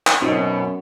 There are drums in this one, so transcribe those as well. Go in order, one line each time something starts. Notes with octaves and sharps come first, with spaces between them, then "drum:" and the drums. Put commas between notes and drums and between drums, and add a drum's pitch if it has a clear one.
drum: clap
F#2 B2 C4 C#4 D#4 F#4